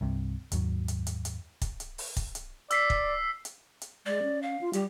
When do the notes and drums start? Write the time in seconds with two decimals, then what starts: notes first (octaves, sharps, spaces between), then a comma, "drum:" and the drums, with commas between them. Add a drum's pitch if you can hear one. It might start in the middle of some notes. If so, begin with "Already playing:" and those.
0.01 C2 G2 C3
0.52 F#1 D#2 G#2 F#3, drum: hi-hat
0.88 drum: hi-hat
1.07 drum: hi-hat
1.25 drum: hi-hat
1.62 drum: kick, hi-hat
1.80 drum: hi-hat
1.98 drum: open hi-hat
2.17 drum: kick, hi-hat
2.35 drum: hi-hat
2.71 D5 E6 B6 C7, drum: hi-hat
2.90 drum: kick
3.45 drum: hi-hat
3.82 drum: hi-hat
4.06 G#3 D5
4.23 C#4
4.42 F5
4.61 F4
4.73 G3 G4, drum: hi-hat